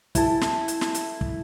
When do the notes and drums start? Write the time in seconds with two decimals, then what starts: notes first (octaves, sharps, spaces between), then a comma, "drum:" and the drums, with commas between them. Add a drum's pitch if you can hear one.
0.15 E4 A4, drum: kick, hi-hat
0.41 drum: snare
0.68 drum: hi-hat
0.81 drum: snare
0.94 drum: hi-hat
1.21 drum: kick